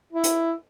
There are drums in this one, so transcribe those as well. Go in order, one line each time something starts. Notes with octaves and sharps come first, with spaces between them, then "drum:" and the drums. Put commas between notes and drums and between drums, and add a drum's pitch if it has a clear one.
E4
drum: hi-hat